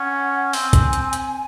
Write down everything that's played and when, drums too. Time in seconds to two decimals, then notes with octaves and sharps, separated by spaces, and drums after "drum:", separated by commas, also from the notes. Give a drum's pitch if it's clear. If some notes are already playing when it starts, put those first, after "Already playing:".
Already playing: C#4 F#5
0.53 C4 G#5, drum: open hi-hat
0.73 drum: kick, hi-hat
0.93 drum: hi-hat
1.13 drum: hi-hat